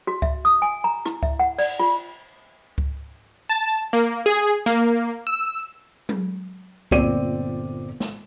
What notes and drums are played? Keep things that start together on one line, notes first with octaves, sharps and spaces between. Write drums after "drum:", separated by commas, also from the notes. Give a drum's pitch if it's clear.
F#4
E5, drum: kick C#2
D#6
G#5
A#5
E4, drum: rim click
E5, drum: kick C#2
F#5
D5, drum: cymbal
F4
drum: kick C#2
A5
A#3
G#4
A#3, drum: hi-hat
E6
drum: tom F#3
G1 A#2 C4 D5 D#7, drum: kick C#2
drum: snare